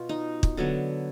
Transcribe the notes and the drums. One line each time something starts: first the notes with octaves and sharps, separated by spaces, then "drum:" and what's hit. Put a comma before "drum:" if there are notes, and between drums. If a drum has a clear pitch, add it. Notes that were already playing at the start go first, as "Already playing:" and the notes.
Already playing: B2 F4
D#4
drum: kick
D3 F#3 B3